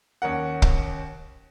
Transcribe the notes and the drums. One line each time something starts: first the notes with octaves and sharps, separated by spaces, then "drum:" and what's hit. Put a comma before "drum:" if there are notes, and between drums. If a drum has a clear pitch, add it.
D#2 C#4 A#4 F#5
drum: kick